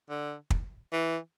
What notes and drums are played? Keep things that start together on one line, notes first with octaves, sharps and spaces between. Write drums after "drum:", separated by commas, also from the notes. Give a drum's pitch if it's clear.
D3
drum: kick
E3